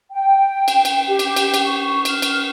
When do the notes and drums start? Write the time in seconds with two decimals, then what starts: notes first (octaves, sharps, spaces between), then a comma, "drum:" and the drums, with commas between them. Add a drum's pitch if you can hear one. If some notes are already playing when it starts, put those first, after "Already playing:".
0.10 G5
0.68 drum: cymbal
0.85 drum: cymbal
1.08 G4
1.19 drum: cymbal
1.36 drum: cymbal
1.54 drum: cymbal
1.64 C#6
2.05 F6, drum: cymbal
2.22 drum: cymbal